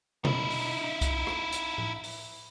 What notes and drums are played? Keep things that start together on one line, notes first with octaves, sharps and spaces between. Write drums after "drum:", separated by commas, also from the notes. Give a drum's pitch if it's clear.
D#4 E4, drum: tom B2
drum: open hi-hat
drum: kick C2, hi-hat
drum: rim click
drum: hi-hat
drum: tom A2
drum: open hi-hat